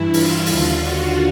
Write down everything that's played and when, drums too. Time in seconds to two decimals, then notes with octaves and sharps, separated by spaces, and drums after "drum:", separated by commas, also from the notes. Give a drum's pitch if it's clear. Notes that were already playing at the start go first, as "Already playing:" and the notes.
Already playing: G2 E3 E4
0.14 F4, drum: open hi-hat
0.46 D#2 D3 F4, drum: open hi-hat
0.79 F#4